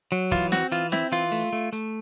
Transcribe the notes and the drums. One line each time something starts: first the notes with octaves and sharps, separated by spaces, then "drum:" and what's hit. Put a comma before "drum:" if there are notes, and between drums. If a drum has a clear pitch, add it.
F#3
E3 F4, drum: kick, open hi-hat
C4 F#4, drum: snare
E3 F4, drum: hi-hat
C4 E4, drum: snare
E3 F4, drum: hi-hat
A3, drum: hi-hat
A3
A3, drum: hi-hat